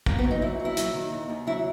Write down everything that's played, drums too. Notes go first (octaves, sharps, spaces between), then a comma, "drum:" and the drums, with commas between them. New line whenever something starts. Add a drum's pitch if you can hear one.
A#2 A#3, drum: kick
B3
F#3
D#4
A#2 E4
F#3
E4
F#3, drum: hi-hat
D#3
D#2
D#2
F#3 E4